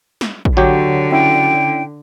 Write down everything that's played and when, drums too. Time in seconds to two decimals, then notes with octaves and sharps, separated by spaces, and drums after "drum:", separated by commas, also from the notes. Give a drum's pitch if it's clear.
0.21 drum: snare
0.45 drum: kick A1
0.57 D2 D3 F#3 G4 C#5
1.12 C#4 E4 D5 G5